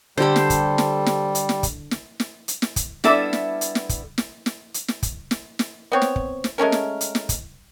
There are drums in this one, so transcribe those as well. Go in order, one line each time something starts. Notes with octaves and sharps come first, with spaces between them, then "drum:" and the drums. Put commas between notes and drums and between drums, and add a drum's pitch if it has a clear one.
D3 G3 G4 A4 C5
drum: snare
drum: kick, hi-hat
drum: snare
drum: snare
drum: hi-hat
drum: snare
drum: kick, hi-hat
drum: snare
drum: snare
drum: hi-hat
drum: snare
drum: kick, hi-hat
G3 B3 D4 E4 A4 E5, drum: snare
drum: snare
drum: hi-hat
drum: snare
drum: kick, hi-hat
drum: snare
drum: snare
drum: hi-hat
drum: snare
drum: kick, hi-hat
drum: snare
drum: snare
B3 C4 C#5
drum: snare
drum: kick
drum: snare
G#3 A3 C#4 A#4
drum: snare
drum: hi-hat
drum: snare
drum: kick, hi-hat